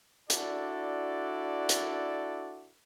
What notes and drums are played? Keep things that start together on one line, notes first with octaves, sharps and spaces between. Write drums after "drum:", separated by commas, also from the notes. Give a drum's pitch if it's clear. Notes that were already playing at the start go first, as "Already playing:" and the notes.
D4 E4 F#4 A4 D5, drum: hi-hat
drum: hi-hat